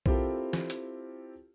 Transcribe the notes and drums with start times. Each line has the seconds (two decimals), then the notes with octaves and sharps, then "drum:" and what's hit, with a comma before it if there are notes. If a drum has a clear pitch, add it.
0.06 C4 E4 F4 G4 A4 A#4, drum: kick B1
0.53 drum: snare E3
0.70 drum: hi-hat